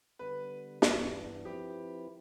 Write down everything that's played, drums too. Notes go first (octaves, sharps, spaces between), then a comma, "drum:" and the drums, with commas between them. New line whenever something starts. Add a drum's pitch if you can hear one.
D3 G3 B3 B4
G2 E3 B3 D4, drum: snare
F3 C4 E4 G4 B4